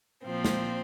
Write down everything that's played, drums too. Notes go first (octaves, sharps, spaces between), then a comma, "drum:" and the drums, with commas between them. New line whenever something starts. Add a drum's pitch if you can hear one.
A#2 F3 C4
drum: snare